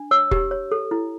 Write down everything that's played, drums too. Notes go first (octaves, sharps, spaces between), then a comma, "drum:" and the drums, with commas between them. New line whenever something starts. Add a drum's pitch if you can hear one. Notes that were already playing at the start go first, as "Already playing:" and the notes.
Already playing: D4
C#5 E6
G4, drum: kick
C#5
A4
E4